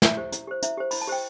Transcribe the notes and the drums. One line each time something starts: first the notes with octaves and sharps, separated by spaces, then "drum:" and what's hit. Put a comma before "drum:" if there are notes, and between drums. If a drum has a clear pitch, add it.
E4 E5, drum: snare
G4 C5
E4, drum: hi-hat
G4 C5
E4 E5, drum: hi-hat
G4 C5
E4 B5, drum: open hi-hat
A5
G4 C5 G5